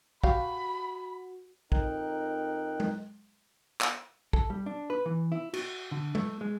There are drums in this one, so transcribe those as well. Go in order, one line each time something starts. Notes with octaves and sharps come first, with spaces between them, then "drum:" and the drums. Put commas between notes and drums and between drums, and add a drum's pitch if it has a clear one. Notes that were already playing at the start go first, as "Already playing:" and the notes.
F#4 G4 F5 B5, drum: kick
F2 D#4 A#4 G5 F#6, drum: kick
drum: tom G#3
drum: clap
A4, drum: kick
G3
D4
B4
E3
E4
F#4, drum: cymbal
D3
A3, drum: tom G#3
G#3